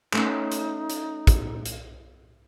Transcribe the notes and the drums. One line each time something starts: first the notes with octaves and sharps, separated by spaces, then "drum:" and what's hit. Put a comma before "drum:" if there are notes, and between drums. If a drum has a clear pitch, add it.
A3 C#4 D#4, drum: clap
drum: hi-hat
drum: hi-hat
drum: kick, hi-hat
drum: hi-hat